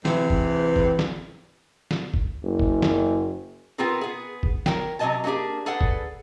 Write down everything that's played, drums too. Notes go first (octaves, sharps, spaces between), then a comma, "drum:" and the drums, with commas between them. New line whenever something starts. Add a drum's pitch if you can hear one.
G#2 C3 E3, drum: snare
drum: kick F#1
drum: kick F#1
drum: snare
drum: snare
drum: kick F#1
F#1
drum: kick F#1
drum: snare
B3 C4 F4 G4 G#4 A#4
B3 G#4
drum: kick F#1
A#4 C#5 G5, drum: snare
C3 F#3 C5 D#5 G#5 A5
F#3 A#3 D4 G4 G#4
G#4 A4 B4 D5 F#5
drum: kick F#1